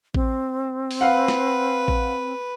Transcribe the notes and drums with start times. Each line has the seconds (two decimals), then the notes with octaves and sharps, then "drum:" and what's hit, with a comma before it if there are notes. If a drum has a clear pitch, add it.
0.14 C4, drum: kick A1
0.91 drum: open hi-hat
1.01 B4 F5 F#5
1.28 drum: snare
1.88 drum: kick A1